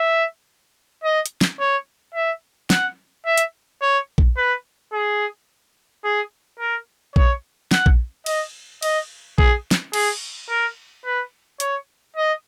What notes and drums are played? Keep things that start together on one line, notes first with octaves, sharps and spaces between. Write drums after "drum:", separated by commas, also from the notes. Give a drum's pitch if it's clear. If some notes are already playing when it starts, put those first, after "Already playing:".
Already playing: E5
D#5
drum: hi-hat
drum: snare
C#5
E5
F#5, drum: snare
E5
drum: hi-hat
C#5
drum: kick A#1
B4
G#4
G#4
A#4
C#5, drum: kick A#1
F#5, drum: snare
drum: kick A#1
D#5, drum: cymbal
D#5, drum: cymbal
G#4, drum: kick A#1
drum: snare
G#4, drum: cymbal
A#4
B4
C#5, drum: hi-hat
D#5